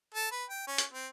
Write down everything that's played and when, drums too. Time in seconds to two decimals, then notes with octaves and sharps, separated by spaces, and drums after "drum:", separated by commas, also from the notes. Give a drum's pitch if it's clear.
0.14 A4
0.32 B4
0.49 G5
0.67 C#4
0.78 drum: hi-hat
0.93 C4